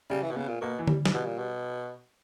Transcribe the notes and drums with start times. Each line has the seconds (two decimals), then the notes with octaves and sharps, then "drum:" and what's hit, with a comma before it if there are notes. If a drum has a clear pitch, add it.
0.10 C#3 G3
0.23 E3
0.31 B2
0.36 C#3 B3
0.48 A#2
0.61 B2 A#3
0.79 E3
0.87 G3, drum: tom D3
1.05 E3, drum: snare
1.14 B2 G3
1.25 A#2
1.38 B2